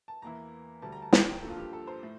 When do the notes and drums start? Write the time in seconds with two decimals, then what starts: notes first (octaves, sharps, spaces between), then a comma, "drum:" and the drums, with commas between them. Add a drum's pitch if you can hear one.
0.08 A5
0.22 E2 E3 A#3 E4 A#5
0.82 D2 D3 G3 A5
0.92 A#5
1.02 A5
1.13 G5, drum: snare
1.28 G5
1.42 G2 F3 A#3 A4
1.50 F4
1.58 G4
1.73 A4
1.87 C5
2.03 A2